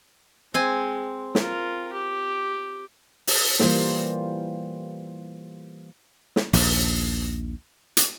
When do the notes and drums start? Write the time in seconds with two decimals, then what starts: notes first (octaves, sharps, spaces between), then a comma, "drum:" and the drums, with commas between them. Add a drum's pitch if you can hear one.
0.54 G#3 C4 G#5
1.35 F4 A#4, drum: snare
1.93 G4
3.27 drum: open hi-hat
3.60 E3 G3 A#3 F4 C5, drum: snare
6.36 drum: snare
6.53 A#1 D#2, drum: open hi-hat
7.97 drum: hi-hat